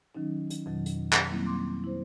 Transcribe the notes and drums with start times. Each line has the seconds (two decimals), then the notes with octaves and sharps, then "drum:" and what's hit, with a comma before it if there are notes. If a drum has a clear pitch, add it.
0.15 D#3 F#3 C#4 D#4
0.50 drum: hi-hat
0.66 F2 B2 D#3 F#3
0.86 drum: hi-hat
1.13 drum: clap
1.30 F#3 G3 A#3 C4 E4
1.46 C6 D6
1.84 E4 C5